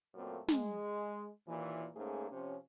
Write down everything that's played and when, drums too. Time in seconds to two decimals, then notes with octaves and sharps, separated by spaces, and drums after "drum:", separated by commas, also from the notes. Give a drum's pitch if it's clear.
0.14 F#2 A#2 A3 A#3 C4
0.48 G#3, drum: snare
1.47 D#2 A#2 E3
1.95 G#2 A3 A#3 C#4 G#4
2.31 C3 F3 C#4